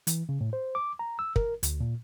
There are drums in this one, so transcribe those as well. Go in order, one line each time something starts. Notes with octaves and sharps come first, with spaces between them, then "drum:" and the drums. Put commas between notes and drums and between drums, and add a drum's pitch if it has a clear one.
E3, drum: hi-hat
C#3
A2
C5
D6
A#5
E6
A#4, drum: kick
D2, drum: hi-hat
A#2